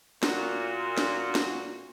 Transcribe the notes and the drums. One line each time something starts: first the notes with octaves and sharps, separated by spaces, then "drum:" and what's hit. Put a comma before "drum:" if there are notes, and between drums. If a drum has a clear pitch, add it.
A#2 F#4, drum: snare
drum: snare
drum: snare